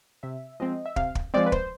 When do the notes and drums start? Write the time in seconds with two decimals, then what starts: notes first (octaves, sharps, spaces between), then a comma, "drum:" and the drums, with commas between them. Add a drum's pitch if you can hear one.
0.23 C3 E5
0.60 F3 G#3 C4 D#5
0.86 E5
0.96 C3 F5, drum: kick
1.15 drum: kick
1.34 F3 G#3 C4 D5
1.46 B4
1.52 C5, drum: kick